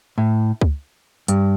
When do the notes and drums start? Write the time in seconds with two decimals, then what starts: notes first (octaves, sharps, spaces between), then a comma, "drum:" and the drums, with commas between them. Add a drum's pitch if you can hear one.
0.18 A2
0.61 drum: kick C#2
1.28 G2, drum: hi-hat